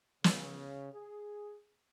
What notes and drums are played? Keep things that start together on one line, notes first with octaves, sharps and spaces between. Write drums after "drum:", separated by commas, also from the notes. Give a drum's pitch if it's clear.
C#3, drum: snare
G#4